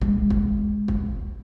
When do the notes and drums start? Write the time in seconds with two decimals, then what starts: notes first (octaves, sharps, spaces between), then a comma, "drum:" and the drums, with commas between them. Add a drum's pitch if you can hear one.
0.01 G#3, drum: kick
0.30 drum: kick
0.88 drum: kick